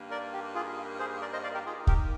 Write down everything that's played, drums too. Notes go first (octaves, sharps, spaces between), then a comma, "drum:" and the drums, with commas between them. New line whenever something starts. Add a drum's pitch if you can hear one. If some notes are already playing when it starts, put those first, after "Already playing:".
Already playing: G2 D#3 A#3
A#4 D5
G4
F4 G#4
G#4 C5
A#4 D5
C5 D#5
D5 F5
G4 A#4
D#3 A#3 D#4 F4 G#4
G4 A#4, drum: kick